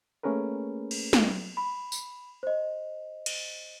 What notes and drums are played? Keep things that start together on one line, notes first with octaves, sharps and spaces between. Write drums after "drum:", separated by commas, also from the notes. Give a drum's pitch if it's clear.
A3 A#3 C#4 G#4 A#4 B4
drum: cymbal
drum: snare
B5
drum: tambourine
C5 D#5
drum: cymbal